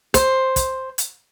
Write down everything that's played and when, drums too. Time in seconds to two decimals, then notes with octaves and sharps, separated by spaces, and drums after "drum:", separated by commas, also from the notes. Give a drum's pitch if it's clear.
0.14 C5, drum: kick, hi-hat
0.56 drum: kick, hi-hat
0.98 drum: hi-hat